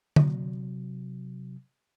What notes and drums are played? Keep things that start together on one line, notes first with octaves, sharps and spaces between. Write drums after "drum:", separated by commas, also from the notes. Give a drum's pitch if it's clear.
C3 F#3, drum: tom D3